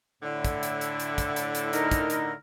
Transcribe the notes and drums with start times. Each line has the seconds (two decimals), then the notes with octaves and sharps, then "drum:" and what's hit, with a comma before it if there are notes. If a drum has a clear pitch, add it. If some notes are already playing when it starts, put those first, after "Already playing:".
0.23 A2 D3 E4
0.45 drum: kick, hi-hat
0.63 drum: hi-hat
0.81 drum: hi-hat
1.00 drum: hi-hat
1.18 drum: kick, hi-hat
1.36 drum: hi-hat
1.55 drum: hi-hat
1.73 D#4 A#4, drum: hi-hat
1.91 drum: kick, hi-hat
2.10 drum: hi-hat